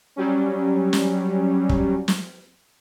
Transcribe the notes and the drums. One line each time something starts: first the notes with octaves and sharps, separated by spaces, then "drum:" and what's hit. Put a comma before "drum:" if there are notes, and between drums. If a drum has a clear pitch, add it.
F#3 G3 C#4
drum: snare
drum: kick
drum: snare